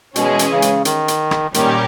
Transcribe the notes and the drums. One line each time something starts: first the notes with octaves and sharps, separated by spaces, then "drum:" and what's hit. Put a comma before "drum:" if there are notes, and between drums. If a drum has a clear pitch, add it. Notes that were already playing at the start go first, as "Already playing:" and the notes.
B2 E3 G#3 C#4 G#4, drum: hi-hat
drum: hi-hat
C#3
drum: hi-hat
D#3, drum: hi-hat
drum: hi-hat
drum: rim click
A#2 D#3 G3 C#4 G4 A#4, drum: hi-hat